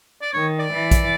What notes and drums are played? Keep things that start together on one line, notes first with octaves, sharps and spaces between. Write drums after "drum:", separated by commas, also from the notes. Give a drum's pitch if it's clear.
D5
D#3 C#5
D5
E3
drum: kick A#1, hi-hat